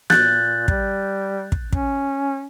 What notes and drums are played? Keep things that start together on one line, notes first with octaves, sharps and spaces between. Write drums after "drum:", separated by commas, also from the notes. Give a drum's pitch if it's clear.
A#2 F#6 G6 A6, drum: snare
G3, drum: kick
drum: kick
C#4, drum: kick